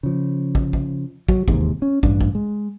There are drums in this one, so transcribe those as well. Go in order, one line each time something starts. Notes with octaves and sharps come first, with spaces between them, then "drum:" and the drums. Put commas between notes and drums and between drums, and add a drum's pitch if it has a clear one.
C#3 F3
drum: kick
drum: kick
F#3, drum: kick
E1 D#2 G#2 C3, drum: kick
C#4
A1 G2 D4, drum: kick
drum: kick
G#3